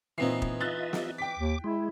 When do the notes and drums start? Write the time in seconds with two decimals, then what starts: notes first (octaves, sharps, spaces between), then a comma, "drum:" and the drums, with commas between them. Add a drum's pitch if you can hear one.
0.18 A#2 E3 B3 C4 D#4 C7
0.42 drum: kick
0.61 F4 D#5 E5 F#6 A6
0.93 drum: snare
1.18 G5 D6 B6
1.38 D#2
1.64 G#3 E4